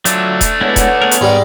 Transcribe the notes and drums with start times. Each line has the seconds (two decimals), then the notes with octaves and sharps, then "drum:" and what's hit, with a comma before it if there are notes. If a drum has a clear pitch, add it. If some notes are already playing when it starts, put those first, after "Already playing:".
0.05 F#3 A3 D4 F4, drum: hi-hat
0.41 drum: kick E1, hi-hat
0.61 G#3 B3 E4 B4 C#5 F#5
0.76 drum: kick E1, hi-hat
1.02 B3 G#4 A#4
1.11 drum: hi-hat
1.21 G#2 G3